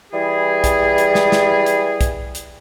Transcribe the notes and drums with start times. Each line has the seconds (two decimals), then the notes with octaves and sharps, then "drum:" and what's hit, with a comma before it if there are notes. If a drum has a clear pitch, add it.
0.12 E3 G3 E4 G#4
0.64 drum: kick, hi-hat
0.98 drum: hi-hat
1.15 drum: snare
1.32 drum: snare
1.66 drum: hi-hat
2.01 drum: kick, hi-hat
2.35 drum: hi-hat